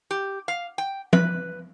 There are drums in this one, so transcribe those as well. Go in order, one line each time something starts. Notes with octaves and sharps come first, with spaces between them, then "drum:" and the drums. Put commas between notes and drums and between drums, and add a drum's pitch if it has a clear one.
G4
F5
G5
B4, drum: tom F3